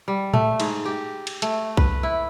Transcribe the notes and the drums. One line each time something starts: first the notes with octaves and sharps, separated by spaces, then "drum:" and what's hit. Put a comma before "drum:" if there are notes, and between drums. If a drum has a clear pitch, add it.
G3
A3, drum: tom A2
G#2, drum: cymbal
G4
drum: cymbal
A3, drum: hi-hat
B4, drum: kick B1
E4